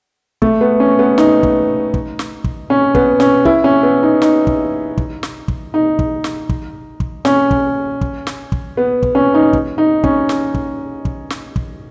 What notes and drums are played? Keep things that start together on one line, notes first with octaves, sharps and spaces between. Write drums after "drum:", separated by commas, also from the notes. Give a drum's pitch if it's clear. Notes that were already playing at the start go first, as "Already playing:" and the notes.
A3, drum: kick
B3
C#4
B3
D#4, drum: snare
drum: kick
drum: kick
drum: snare
drum: kick
C#4
B3, drum: kick
C#4, drum: snare
E4, drum: kick
C#4
B3
D#4
D#4, drum: snare
drum: kick
drum: kick
drum: snare
drum: kick
D#4
drum: kick
drum: snare
drum: kick
drum: kick
C#4, drum: snare
drum: kick
drum: kick
drum: snare
drum: kick
B3
drum: kick
C#4
D#4
drum: kick
D#4
C#4, drum: kick
drum: snare
drum: kick
drum: kick
drum: snare
drum: kick